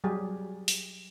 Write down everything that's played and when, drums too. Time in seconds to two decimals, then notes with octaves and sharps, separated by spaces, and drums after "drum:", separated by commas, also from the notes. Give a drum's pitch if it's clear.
0.04 F#3 G3 G4 G#4
0.68 drum: open hi-hat